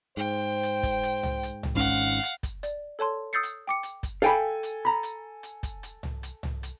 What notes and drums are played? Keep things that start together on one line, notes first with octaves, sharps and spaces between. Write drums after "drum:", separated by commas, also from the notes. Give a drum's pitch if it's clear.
G#2 C5 G5
drum: hi-hat
drum: kick, hi-hat
drum: hi-hat
drum: tom C2
drum: hi-hat
drum: tom C2
G#1 G#2 C#4 F5 F#5
drum: hi-hat
drum: kick, hi-hat
D5, drum: hi-hat
A4 C#5 A5 C6
D#6 E6 G6 A6 C7 C#7
drum: hi-hat
G5 D6 C#7
drum: hi-hat
drum: kick, hi-hat
A4 F5 G5 G#5 B5, drum: hi-hat
drum: hi-hat
A#5 B5
drum: hi-hat
drum: hi-hat
drum: kick, hi-hat
drum: hi-hat
drum: tom C2
drum: hi-hat
drum: tom C2
drum: hi-hat